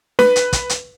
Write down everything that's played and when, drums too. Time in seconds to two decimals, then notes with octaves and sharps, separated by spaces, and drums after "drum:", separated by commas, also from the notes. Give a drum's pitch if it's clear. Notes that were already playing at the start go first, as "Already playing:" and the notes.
0.19 B4, drum: snare
0.36 drum: hi-hat
0.53 drum: kick, hi-hat
0.69 drum: hi-hat